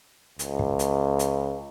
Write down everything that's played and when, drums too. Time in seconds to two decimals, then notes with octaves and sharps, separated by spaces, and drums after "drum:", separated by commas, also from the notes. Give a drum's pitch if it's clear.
0.39 C#2, drum: hi-hat
0.59 drum: kick
0.79 drum: hi-hat
1.19 drum: hi-hat